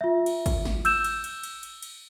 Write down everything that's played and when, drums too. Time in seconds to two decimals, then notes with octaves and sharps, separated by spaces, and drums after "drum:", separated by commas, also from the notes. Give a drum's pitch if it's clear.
0.01 F4 E5
0.26 drum: cymbal
0.46 drum: kick, cymbal
0.65 drum: snare
0.85 E6 G6 E7, drum: cymbal
1.04 drum: cymbal
1.24 drum: cymbal
1.43 drum: cymbal
1.63 drum: cymbal
1.83 drum: cymbal